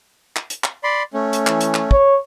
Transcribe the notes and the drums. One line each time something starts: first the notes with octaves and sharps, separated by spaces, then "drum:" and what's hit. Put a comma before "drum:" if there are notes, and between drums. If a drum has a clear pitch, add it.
drum: clap
drum: hi-hat
drum: clap
D5 B5 C6
A3 C#4
drum: hi-hat
E3, drum: clap
drum: hi-hat
drum: clap
C#5, drum: kick